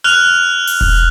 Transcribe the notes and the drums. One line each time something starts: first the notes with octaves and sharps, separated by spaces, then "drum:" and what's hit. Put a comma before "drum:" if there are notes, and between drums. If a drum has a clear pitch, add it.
F6 F#6 F7
drum: open hi-hat
drum: kick E1